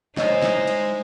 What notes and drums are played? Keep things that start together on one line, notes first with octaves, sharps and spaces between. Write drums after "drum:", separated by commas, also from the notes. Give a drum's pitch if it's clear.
G#3 D#4 E4 C5 C#5 D#5 G#5, drum: snare
drum: snare
drum: cymbal